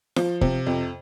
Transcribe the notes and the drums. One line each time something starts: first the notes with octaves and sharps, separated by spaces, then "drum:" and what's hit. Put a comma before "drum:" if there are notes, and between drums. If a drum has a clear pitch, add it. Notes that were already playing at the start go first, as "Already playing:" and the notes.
F3, drum: snare F4
C3, drum: kick
F2